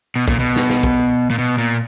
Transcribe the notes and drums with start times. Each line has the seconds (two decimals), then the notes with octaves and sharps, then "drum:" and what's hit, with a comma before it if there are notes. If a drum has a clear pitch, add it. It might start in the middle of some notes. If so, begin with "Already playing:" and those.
0.16 B2
0.28 A#2, drum: kick
0.39 B2
0.56 drum: snare
0.70 drum: snare
0.83 drum: kick
1.30 A#2
1.38 B2
1.58 A#2